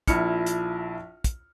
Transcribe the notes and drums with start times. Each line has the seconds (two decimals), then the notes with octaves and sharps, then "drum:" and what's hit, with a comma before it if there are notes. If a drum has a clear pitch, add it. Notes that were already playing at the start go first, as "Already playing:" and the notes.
0.08 A#1 F3 E4 F6 C#7, drum: kick, hi-hat
0.46 drum: hi-hat
1.24 drum: kick, hi-hat